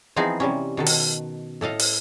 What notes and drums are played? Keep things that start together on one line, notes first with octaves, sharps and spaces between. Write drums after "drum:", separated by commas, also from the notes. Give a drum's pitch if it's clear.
E3 F3 B3 C4 D#4 G#4
C3 G3 C#4
B2 D#3 A4
drum: open hi-hat
A2 A4 D#5 F5
drum: open hi-hat